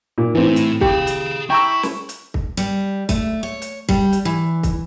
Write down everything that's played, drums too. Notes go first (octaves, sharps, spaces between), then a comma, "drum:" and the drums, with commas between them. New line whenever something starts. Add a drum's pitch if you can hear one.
A#2
A2 E3 C4
drum: hi-hat
G4 G#4 F5, drum: kick
drum: hi-hat
E4 G5 A#5 C#6 E6
drum: snare
drum: hi-hat
drum: kick
G3, drum: hi-hat
A3, drum: kick, hi-hat
C#5
drum: hi-hat
G3, drum: kick
drum: hi-hat
E3
drum: kick, hi-hat